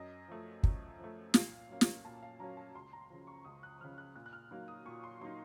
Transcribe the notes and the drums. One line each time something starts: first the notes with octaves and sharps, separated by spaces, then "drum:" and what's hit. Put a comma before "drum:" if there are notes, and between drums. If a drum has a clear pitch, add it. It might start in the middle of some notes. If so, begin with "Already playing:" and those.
Already playing: F#2 D#5
F3 A3
F#2, drum: kick
F3 A3
A#2 F5, drum: snare
F#3 A#3 C#4
drum: snare
A#2 A5
F5
F#3 A#3 C#4 A#5
A5
C#2 C6
A#5
C#3 F3
C#6
C#2 D#6
F#6
C#3 F3 F6
F#6
A#2 F#6
F#6
F6
F#3 A#3 D#4
D#6
A#2 C#6
C6
F#3 A#3 D#4 C6